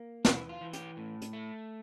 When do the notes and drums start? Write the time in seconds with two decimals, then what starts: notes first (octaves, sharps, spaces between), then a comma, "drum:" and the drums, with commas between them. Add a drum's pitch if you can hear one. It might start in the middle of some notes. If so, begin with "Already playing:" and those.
Already playing: A#3
0.25 E3 E4, drum: snare
0.49 F4
0.61 E3
0.73 G4, drum: hi-hat
0.97 A2
1.22 drum: hi-hat
1.33 A3